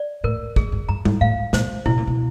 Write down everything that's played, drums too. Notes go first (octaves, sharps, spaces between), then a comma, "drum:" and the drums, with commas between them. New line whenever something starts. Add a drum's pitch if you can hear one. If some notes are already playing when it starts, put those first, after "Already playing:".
Already playing: D5
A2 A#4
A2 G#4, drum: kick
G2
G2 A#5
G#2, drum: tom G3
A2 F5
A#2 C5, drum: snare
B2 E4, drum: tom A2
A#2
B2